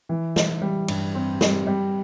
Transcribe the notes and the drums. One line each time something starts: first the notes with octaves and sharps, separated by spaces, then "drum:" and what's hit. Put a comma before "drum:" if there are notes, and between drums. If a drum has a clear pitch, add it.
E3
E3, drum: snare
G3
G2, drum: cymbal
C4
G3, drum: snare
G3